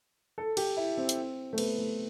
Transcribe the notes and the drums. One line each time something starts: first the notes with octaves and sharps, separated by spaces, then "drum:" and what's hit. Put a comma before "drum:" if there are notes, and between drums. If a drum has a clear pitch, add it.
A4
G4, drum: cymbal
E4
C4
drum: hi-hat
A3
B3, drum: cymbal
A3